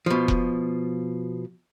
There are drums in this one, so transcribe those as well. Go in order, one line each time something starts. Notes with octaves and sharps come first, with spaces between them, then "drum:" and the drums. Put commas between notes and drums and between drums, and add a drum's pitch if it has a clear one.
B2 F3
drum: kick E1